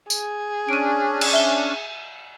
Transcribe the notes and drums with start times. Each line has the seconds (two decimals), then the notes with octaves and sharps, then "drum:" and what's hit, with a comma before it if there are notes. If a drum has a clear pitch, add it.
0.10 G#4, drum: tambourine
0.69 C#4 D4 D7 D#7
1.21 drum: cymbal
1.33 E5 G7